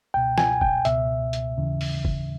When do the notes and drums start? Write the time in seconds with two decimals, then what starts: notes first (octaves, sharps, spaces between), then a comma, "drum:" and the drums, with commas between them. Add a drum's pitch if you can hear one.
0.14 C#2 B2 G5
0.38 G#5, drum: snare
0.61 G5, drum: kick
0.85 C#2 B2 E5, drum: hi-hat
1.33 drum: hi-hat
1.57 D#2 C#3 E3
1.81 drum: open hi-hat
2.05 drum: kick